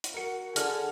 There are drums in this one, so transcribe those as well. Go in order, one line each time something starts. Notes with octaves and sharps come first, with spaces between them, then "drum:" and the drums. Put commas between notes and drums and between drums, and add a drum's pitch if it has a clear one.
drum: hi-hat
F#4 A#4 C#7
D3 G#4 F#5 A5 F6, drum: hi-hat